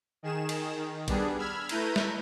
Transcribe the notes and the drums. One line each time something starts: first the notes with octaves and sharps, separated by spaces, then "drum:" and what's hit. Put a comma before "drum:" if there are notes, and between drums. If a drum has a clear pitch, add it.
D#3 G#4 E7
drum: cymbal
D#3
G3 B3 D4 G#4, drum: kick, cymbal
B5 E6 F6 G#6
A3 E4 B4 A#5 G6 D#7, drum: cymbal
drum: snare